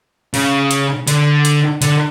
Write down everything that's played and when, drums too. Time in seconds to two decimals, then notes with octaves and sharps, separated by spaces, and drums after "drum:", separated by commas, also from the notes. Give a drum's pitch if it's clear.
0.34 C#3, drum: open hi-hat
0.71 drum: hi-hat
1.07 D3, drum: hi-hat
1.45 drum: hi-hat
1.82 D3, drum: hi-hat